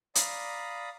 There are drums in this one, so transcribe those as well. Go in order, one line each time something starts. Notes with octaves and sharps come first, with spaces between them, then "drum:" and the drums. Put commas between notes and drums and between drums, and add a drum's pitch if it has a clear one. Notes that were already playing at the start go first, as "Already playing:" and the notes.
D5 F5 A#5 B5 D#6, drum: hi-hat